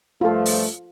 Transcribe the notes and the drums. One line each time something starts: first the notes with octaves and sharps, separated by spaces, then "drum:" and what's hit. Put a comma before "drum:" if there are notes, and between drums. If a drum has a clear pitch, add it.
G2 F3 A3 F4 A4
drum: open hi-hat